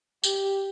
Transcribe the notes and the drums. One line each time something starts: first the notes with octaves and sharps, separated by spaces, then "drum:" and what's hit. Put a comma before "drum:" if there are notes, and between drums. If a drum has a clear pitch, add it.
G4, drum: tambourine